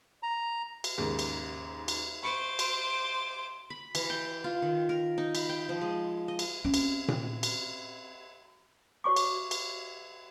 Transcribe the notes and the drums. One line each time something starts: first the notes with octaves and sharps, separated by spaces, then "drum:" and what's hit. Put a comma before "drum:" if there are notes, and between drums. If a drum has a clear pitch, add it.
A#5
drum: cymbal
D#2 G#2 C#3
drum: cymbal
drum: cymbal
C5 B5 C#6 D6 C#7
C6, drum: cymbal
B5
E3, drum: cymbal
G5
F4
D#3
A#4
D#4
B5, drum: cymbal
G5
F3
G#3
D#5
drum: cymbal
C4 C#4
drum: cymbal
drum: tom A#2
drum: cymbal
F#4 C#5 C#6 D6
drum: cymbal
drum: cymbal